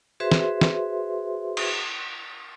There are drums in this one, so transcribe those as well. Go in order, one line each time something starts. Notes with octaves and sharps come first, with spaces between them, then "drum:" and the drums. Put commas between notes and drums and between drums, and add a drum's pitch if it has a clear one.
F#4 G#4 B4 C5 E5 C6
drum: snare
drum: snare
drum: cymbal